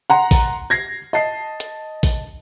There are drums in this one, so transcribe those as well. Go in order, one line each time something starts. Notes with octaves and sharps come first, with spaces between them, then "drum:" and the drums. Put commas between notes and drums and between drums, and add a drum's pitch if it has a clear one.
F#5 A#5 C6
drum: kick A1, open hi-hat
G#6 A#6 C7
D#5 A5 C7
drum: hi-hat
drum: kick A1, open hi-hat